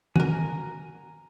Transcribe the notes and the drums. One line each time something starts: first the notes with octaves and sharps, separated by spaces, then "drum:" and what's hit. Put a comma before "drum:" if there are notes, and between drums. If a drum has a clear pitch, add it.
F#4 A#4 G#5 A#5, drum: tom